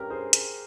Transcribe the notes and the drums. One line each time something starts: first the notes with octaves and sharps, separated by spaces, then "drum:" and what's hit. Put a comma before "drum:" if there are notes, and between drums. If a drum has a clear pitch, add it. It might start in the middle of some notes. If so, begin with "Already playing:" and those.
Already playing: G2 G3 C#4 G4 A#4
G#4 C5
drum: hi-hat